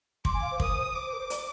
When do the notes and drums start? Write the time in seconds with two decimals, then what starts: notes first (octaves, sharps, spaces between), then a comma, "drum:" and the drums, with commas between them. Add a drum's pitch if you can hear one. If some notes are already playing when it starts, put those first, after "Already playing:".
0.25 C6 D6, drum: kick
0.34 G#5
0.42 F5
0.51 C5
0.60 A#4 D#6, drum: kick
0.78 C5
0.95 D6
1.06 C5
1.13 A#4
1.19 C5
1.30 D5, drum: hi-hat